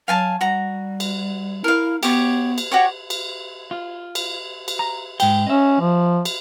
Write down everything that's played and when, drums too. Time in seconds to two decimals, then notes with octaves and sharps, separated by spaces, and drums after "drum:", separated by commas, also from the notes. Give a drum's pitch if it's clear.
0.08 F#3 F5 G#5 A5
0.41 G3 F#4 A#5
1.00 drum: cymbal
1.64 E4 A#4 F5
2.03 B3 G4 C#5, drum: cymbal
2.58 drum: cymbal
2.71 F#4 G4 C#5
3.10 drum: cymbal
3.71 F4
4.15 drum: cymbal
4.68 drum: cymbal
4.79 A#5
5.20 G#2 G5, drum: cymbal
5.47 C#4 D#5 E5
5.80 F3
6.25 drum: cymbal